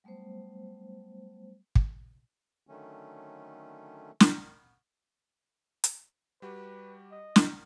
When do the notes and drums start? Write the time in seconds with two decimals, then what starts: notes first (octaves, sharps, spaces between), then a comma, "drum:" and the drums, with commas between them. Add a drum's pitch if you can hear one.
0.04 F#3 G3 A3 B3 C5
1.75 drum: kick
2.67 D3 D#3 F#3 A3 C#4
4.20 drum: snare
5.84 drum: hi-hat
6.42 G3 F#4 G4 B4
7.11 D#5
7.36 drum: snare